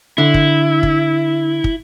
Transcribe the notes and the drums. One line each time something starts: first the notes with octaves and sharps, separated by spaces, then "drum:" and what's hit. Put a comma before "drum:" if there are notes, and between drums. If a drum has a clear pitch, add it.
D3 E4
drum: kick
drum: kick
drum: kick